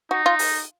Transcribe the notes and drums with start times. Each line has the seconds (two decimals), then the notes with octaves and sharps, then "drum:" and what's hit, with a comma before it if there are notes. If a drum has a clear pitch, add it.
0.11 D#4 F#4
0.26 F4
0.39 drum: open hi-hat